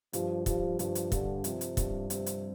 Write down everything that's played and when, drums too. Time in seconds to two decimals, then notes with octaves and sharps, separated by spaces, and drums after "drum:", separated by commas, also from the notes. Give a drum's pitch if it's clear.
0.13 G2 F3, drum: hi-hat
0.46 F3 G3, drum: kick, hi-hat
0.79 G2 F3, drum: hi-hat
0.95 drum: hi-hat
1.12 G2 D3, drum: kick, hi-hat
1.44 C3 F3, drum: hi-hat
1.61 drum: hi-hat
1.77 G2, drum: kick, hi-hat
2.10 C3 C4, drum: hi-hat
2.26 drum: hi-hat